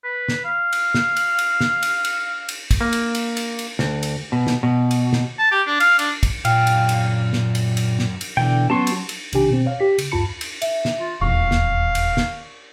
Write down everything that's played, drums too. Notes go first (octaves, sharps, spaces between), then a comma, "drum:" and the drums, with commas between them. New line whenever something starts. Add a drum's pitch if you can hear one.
B4
drum: snare
F5
drum: cymbal
drum: snare
drum: cymbal
drum: cymbal
drum: snare
drum: cymbal
drum: cymbal
drum: cymbal
drum: kick, cymbal
A#3
drum: cymbal
drum: cymbal
drum: cymbal
drum: cymbal
D2, drum: snare
drum: cymbal
B2
drum: snare
B2
drum: cymbal
drum: snare
A5
G4
D4
F5, drum: cymbal
D4, drum: cymbal
drum: kick, cymbal
F#2 A#2 F5 G5, drum: cymbal
drum: cymbal
drum: cymbal
drum: snare
drum: cymbal
drum: cymbal
drum: snare
drum: cymbal
B2 D3 E3 G5
F#3 B3 C#4 F#4 A5 C6 C#6
drum: cymbal
drum: cymbal
B1 C3 D#3 D4 G4 G#5, drum: cymbal
B2 C4
C#5 F5
G4 B6
C#3, drum: cymbal
D2 G2 F4 A5 B5 C#7
drum: cymbal
E5, drum: cymbal
drum: snare
F4
D#1 E2 F5 C#6
drum: snare
drum: cymbal
drum: snare